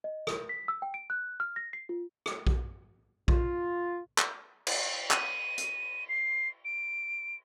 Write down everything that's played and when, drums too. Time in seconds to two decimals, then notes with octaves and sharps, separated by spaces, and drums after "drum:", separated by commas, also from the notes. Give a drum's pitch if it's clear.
0.04 D#5
0.27 A#4, drum: rim click
0.49 B6
0.68 E6
0.82 G5
0.94 D7
1.10 F#6
1.40 F6
1.56 A#6
1.73 C7
1.89 F4
2.26 drum: rim click
2.47 drum: kick A#1
3.28 F4, drum: kick A#1
4.18 drum: clap
4.67 drum: cymbal
5.11 D#7, drum: clap
5.58 drum: hi-hat
6.09 C7
6.65 D7